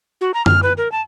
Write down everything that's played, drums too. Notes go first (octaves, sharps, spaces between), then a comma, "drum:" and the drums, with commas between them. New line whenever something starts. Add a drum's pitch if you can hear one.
F#4
A#5
F6, drum: tom F#2
B4
A#4
A5